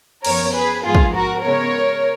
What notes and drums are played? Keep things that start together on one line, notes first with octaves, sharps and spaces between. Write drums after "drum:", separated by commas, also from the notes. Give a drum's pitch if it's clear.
F#2 F3 B3 A#4 C#5, drum: cymbal
G#4 B4
G#2 F3 B3 F4 G#4
drum: kick
F#4 A#4
C#3 G#3 B3 A#4 C#5